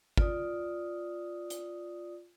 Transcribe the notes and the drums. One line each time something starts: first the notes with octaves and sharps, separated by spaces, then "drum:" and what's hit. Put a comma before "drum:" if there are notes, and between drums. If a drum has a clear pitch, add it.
F4 D5 D#6, drum: kick
drum: hi-hat